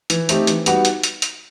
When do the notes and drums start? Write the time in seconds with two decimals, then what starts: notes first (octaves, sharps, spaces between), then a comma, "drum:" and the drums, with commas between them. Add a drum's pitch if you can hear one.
0.10 E3, drum: hi-hat
0.29 A3 C4 D#4 G4, drum: hi-hat
0.47 E3, drum: hi-hat
0.66 G3 B3 D#4 F#4, drum: hi-hat
0.85 drum: hi-hat
1.03 drum: hi-hat
1.22 drum: hi-hat